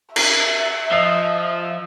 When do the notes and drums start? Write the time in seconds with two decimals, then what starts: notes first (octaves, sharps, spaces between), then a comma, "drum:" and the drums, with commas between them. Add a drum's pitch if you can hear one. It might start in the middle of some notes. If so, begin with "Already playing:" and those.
0.16 A#4 E5, drum: cymbal
0.92 F3 D#5 E6 C7